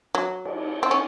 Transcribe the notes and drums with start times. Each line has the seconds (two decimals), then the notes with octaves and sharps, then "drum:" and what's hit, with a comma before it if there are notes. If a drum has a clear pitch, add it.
0.15 F#3
0.45 drum: cymbal
0.83 C4
0.91 C#4